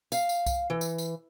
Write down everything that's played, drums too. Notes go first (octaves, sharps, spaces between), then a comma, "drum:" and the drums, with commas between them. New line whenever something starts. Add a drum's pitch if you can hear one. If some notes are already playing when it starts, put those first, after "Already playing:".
F5, drum: tambourine
drum: tambourine
drum: kick C2, tambourine
E3
drum: tambourine
drum: tambourine